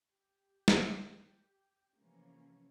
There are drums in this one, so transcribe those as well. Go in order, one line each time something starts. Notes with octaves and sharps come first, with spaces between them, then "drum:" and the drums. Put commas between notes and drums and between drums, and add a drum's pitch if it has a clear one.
G4
drum: snare
C3 E3 F3 A3 A#3 C#4